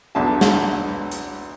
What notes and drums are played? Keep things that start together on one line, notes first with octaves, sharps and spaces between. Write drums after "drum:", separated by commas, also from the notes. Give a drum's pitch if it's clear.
B1 E2 D4 E5 A5
drum: snare
drum: hi-hat